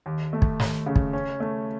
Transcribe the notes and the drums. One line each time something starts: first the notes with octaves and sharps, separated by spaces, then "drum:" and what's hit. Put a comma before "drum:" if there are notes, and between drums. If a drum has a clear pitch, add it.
D#2
A3
drum: kick
D#2, drum: snare
C#3
drum: kick
C#4
A3